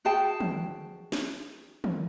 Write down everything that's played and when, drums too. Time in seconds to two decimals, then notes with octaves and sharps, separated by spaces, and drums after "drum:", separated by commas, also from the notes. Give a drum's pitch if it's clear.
0.05 F#4 G#4 G5 A5
0.40 drum: tom
1.12 drum: snare
1.84 drum: tom